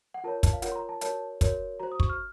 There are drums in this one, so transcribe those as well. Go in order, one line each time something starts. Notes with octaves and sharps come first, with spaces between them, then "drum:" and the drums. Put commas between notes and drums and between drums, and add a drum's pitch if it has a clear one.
F#5
F4 A#4 C#5 A5
A5, drum: kick, hi-hat
F5
F4 A#4 C#5 F#5, drum: hi-hat
C6
A#5
A5
F#4 A#4 C#5 A5, drum: hi-hat
F#4 A#4 C#5, drum: kick, hi-hat
F#4 C5 A#5
D#6
C#6, drum: kick
F6